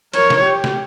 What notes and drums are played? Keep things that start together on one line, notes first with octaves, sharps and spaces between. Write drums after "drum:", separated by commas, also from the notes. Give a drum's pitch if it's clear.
A#4 C#5, drum: cymbal
drum: snare
G4
drum: snare